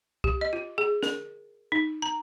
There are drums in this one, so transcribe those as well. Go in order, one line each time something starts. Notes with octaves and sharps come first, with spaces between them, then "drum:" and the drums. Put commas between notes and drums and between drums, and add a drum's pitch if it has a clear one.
G4, drum: kick C2
D#5
F4
G#4
A#4, drum: snare
D#4
A#5